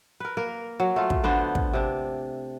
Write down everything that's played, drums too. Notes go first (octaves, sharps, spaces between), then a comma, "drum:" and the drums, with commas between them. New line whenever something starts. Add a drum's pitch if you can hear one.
A#4 B4
A#3 A#4
F#3
A3 F4
drum: kick
D3 B3 D4 C5
drum: kick
C3 D4